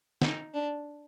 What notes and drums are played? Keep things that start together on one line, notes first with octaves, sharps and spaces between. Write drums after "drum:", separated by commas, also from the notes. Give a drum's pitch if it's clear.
D#4, drum: snare
D4